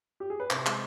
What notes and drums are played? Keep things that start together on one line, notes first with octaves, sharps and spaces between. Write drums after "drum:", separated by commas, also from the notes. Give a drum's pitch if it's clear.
G4
G#4
B4
C3 C5, drum: clap
G#3, drum: clap